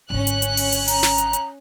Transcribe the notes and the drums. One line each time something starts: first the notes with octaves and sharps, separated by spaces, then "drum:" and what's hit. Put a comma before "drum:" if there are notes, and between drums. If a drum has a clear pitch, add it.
G#1 D3 C#4 F#6
drum: hi-hat
drum: hi-hat
drum: open hi-hat
drum: hi-hat
A#5, drum: open hi-hat
drum: snare
drum: hi-hat
drum: hi-hat